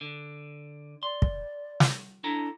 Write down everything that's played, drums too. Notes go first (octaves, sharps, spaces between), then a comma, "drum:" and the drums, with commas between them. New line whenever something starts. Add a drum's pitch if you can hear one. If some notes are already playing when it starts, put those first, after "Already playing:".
D3
D5 C6
drum: kick
drum: snare
D4 E4 A4 A#5